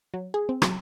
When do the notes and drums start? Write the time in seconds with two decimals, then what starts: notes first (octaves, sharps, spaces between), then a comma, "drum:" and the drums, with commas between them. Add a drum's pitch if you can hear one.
0.14 F#3
0.34 G#4
0.49 C4
0.62 F#3, drum: rim click